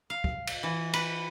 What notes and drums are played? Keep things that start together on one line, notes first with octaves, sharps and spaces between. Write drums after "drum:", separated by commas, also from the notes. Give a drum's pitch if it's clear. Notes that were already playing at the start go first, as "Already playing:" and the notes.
F5
drum: kick
drum: cymbal
E3
B4, drum: cymbal